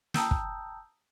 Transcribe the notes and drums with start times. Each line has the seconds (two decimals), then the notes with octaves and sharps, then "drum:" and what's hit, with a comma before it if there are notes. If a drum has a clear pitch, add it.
0.14 G5 A5 A#5 D#6 E6 G6, drum: snare
0.31 drum: kick